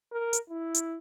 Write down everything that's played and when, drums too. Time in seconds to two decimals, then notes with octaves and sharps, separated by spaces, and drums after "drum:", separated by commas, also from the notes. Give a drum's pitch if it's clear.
0.12 A#4
0.33 drum: hi-hat
0.50 E4
0.75 drum: hi-hat